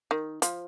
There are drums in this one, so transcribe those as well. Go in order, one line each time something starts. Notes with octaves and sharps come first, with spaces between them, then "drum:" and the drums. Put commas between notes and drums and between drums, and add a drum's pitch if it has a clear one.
D#3
F3, drum: hi-hat